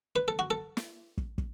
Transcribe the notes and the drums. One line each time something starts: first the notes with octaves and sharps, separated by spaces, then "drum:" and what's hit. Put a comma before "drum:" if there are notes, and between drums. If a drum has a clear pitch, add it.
B4
A4
F#4
A4
drum: snare
drum: kick
drum: kick